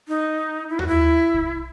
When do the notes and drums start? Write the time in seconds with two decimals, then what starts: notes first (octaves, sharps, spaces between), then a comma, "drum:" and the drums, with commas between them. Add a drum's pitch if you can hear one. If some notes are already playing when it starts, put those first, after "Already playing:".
0.08 D#4
0.69 E4
0.79 F#4, drum: tom D#2
0.87 E4
1.34 drum: kick